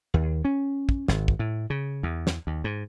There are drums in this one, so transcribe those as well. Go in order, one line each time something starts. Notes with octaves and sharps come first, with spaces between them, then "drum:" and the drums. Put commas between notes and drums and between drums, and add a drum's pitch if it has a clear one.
D#2
C#4
drum: kick
G#1, drum: snare
drum: kick
A2
C#3
E2
drum: snare
D#2
G#2